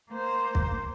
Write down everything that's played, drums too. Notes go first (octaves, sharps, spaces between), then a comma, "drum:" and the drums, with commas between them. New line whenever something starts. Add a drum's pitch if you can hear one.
A#3 C5
drum: kick